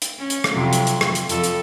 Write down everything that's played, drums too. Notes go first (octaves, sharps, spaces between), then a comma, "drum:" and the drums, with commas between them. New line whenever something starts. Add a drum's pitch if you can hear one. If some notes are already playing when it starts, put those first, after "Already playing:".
drum: hi-hat
C#4
drum: hi-hat
drum: rim click
F2 C3 F#3
drum: hi-hat
drum: hi-hat
drum: rim click
drum: hi-hat
F2 A4, drum: hi-hat
drum: hi-hat